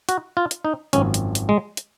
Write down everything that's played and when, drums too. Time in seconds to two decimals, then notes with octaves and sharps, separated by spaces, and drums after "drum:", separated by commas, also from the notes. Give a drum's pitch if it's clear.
0.09 F#4, drum: hi-hat
0.37 F4
0.51 drum: hi-hat
0.65 D#4
0.93 G#1 F#2 F3 C#4, drum: hi-hat
1.14 drum: hi-hat
1.35 drum: hi-hat
1.49 G#3
1.77 drum: hi-hat